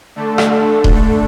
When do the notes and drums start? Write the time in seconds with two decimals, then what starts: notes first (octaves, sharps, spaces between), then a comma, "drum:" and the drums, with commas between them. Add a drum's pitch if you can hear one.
0.16 D3 A3 D4 A4
0.38 drum: rim click
0.84 drum: kick D#1